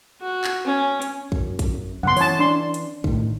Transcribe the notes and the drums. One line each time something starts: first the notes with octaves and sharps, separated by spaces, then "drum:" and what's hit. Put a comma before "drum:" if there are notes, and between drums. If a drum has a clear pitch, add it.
F#4
drum: clap
C#4
drum: hi-hat
F#2, drum: kick
drum: kick, hi-hat
F#2 C#3 B3 F#5 C6
E3 C#4 C#5 A5, drum: open hi-hat
D4 C6
drum: hi-hat
A2 D#3, drum: kick